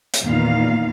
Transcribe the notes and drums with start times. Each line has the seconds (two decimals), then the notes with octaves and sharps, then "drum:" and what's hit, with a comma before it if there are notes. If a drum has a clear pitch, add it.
0.13 drum: hi-hat
0.25 E2 A#2 D#3 B3 D#4 F5